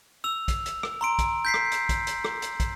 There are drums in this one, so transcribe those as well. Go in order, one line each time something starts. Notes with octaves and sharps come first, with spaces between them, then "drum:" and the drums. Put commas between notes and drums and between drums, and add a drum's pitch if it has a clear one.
E6 F7
drum: kick, hi-hat
drum: hi-hat
drum: rim click
A#5 C6 D7
drum: kick, hi-hat
G6 B6 C7
drum: rim click
drum: hi-hat
drum: kick, hi-hat
drum: hi-hat
drum: rim click
drum: hi-hat
drum: kick, hi-hat